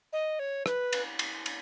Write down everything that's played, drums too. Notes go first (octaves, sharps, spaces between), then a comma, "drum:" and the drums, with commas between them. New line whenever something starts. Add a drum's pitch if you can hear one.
D#5
C#5
B4, drum: rim click
drum: cymbal
drum: cymbal
drum: cymbal